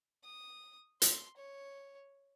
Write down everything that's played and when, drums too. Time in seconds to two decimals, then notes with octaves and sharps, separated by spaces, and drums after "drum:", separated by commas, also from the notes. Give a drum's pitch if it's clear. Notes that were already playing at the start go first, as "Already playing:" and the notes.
0.24 D#6
1.02 C6, drum: hi-hat
1.37 C#5